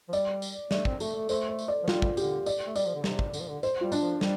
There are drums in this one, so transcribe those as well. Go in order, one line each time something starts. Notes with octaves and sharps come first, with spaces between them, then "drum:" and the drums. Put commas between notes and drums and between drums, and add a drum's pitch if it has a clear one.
F3
G3 D5, drum: tambourine
drum: tambourine
A3 D5, drum: snare
C4, drum: kick
A3 A4, drum: tambourine
A3
A3 C5, drum: tambourine
C5
drum: tambourine
D5
F3
G3 F4, drum: snare
drum: kick
D3 G4, drum: tambourine
D5, drum: tambourine
A3
G3 D5, drum: tambourine
F3
D3
C3, drum: snare
drum: kick
D3, drum: tambourine
F3
D3
C5, drum: tambourine
G3 F4
D4, drum: tambourine
F3
G3, drum: snare